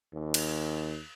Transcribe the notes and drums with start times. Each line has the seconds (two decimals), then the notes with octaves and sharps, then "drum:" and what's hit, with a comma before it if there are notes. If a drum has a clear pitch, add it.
0.13 D#2
0.34 drum: cymbal